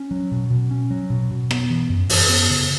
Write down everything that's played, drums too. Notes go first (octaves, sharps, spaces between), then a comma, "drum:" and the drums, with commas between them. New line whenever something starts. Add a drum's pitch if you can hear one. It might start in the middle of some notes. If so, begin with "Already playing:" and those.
Already playing: C#4
F#3
B2
B2
C#4
F#3
B2
B2
B3, drum: rim click
E3
F#2
F#2, drum: open hi-hat
B3
C#3